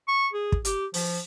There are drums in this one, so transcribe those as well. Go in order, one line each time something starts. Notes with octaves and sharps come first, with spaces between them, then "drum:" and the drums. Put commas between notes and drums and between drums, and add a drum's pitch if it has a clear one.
C#6
G#4
drum: kick
G4, drum: hi-hat
F3, drum: open hi-hat